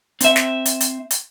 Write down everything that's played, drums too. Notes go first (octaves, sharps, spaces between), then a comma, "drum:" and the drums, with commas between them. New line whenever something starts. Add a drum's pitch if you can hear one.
C4 E5, drum: hi-hat
drum: snare
drum: hi-hat
drum: hi-hat
drum: hi-hat